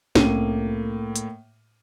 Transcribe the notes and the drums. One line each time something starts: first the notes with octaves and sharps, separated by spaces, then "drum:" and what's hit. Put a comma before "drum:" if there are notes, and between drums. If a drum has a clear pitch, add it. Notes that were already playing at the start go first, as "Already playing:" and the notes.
C2 A2 A#3 C4 C#4 D#7, drum: snare
drum: hi-hat